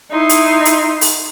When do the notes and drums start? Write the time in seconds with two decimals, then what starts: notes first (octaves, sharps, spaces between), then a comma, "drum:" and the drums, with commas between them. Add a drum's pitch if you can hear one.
0.11 D#4 E4 C6
0.29 drum: hi-hat
0.65 drum: hi-hat
1.01 drum: open hi-hat